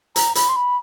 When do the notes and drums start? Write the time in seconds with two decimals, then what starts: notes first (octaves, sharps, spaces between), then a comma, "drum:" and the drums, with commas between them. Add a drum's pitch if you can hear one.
0.16 A#5, drum: hi-hat
0.35 B5, drum: hi-hat
0.49 C6
0.56 B5